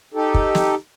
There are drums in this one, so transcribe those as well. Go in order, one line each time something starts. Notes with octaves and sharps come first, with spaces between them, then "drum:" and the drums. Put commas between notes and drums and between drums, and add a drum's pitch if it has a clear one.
D#4 G4 A4
drum: kick
drum: snare